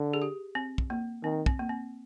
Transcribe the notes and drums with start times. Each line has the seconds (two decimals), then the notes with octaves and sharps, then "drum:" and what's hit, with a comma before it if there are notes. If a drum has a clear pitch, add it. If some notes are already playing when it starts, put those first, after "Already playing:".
Already playing: D3
0.14 G#4
0.22 G4
0.55 C4
0.78 drum: kick
0.90 A#3
1.23 D#3 C4
1.46 C4, drum: kick
1.59 A#3
1.69 C4